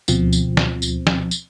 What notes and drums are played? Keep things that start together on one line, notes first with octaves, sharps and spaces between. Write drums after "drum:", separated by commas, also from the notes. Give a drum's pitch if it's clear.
D2 B2 F3 C4, drum: tambourine
drum: tambourine
drum: snare
drum: tambourine
drum: snare
drum: tambourine